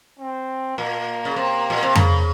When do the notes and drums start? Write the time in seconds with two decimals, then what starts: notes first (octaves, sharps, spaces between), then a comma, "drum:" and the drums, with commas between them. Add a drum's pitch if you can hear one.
0.19 C4
0.77 A#2 A#3
1.25 C#3
1.36 C3
1.70 A#2
1.83 C3
1.95 C#3, drum: tom F2